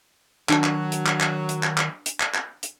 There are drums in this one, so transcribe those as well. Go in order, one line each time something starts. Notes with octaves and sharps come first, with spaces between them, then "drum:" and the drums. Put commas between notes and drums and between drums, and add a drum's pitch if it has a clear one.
D#3 F#3 D4 A5, drum: clap
drum: clap
drum: hi-hat
drum: clap
drum: clap
drum: hi-hat
drum: clap
drum: clap
drum: hi-hat
drum: clap
drum: clap
drum: hi-hat